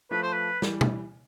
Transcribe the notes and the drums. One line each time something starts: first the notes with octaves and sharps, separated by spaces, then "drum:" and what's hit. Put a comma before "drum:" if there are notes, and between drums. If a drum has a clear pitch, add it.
F3 A3 B4
C5
B4
E3 G3, drum: snare
drum: tom B2